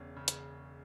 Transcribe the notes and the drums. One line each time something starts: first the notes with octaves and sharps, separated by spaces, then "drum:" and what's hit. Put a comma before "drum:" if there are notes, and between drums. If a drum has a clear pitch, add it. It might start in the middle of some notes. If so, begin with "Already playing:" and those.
Already playing: E1 C#3 C#4
C#3
drum: hi-hat